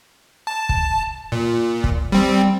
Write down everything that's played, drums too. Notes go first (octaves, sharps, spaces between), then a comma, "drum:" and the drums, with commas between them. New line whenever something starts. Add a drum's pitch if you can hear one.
A5
drum: kick
A#2
drum: kick
G3 C4